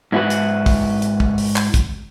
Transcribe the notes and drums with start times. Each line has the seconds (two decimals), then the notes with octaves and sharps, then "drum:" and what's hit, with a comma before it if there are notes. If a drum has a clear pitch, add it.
0.12 G#2 E4 F#4 B4
0.30 drum: hi-hat
0.66 drum: kick, open hi-hat
1.02 drum: hi-hat
1.20 drum: kick
1.38 drum: open hi-hat
1.56 drum: clap
1.74 drum: kick, hi-hat